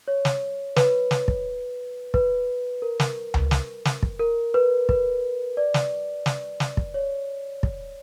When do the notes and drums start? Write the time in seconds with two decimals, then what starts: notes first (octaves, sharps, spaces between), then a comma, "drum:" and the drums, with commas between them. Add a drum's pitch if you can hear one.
0.08 C#5
0.25 drum: snare
0.76 B4, drum: snare
1.11 drum: snare
1.28 drum: kick
2.14 B4, drum: kick
2.82 A#4
3.00 drum: snare
3.34 drum: tom C#2
3.51 drum: snare
3.85 drum: snare
4.03 drum: kick
4.19 A#4
4.54 B4
4.89 B4, drum: kick
5.57 D5
5.74 drum: snare
6.26 drum: snare
6.60 drum: snare
6.77 drum: kick
6.94 C#5
7.63 drum: kick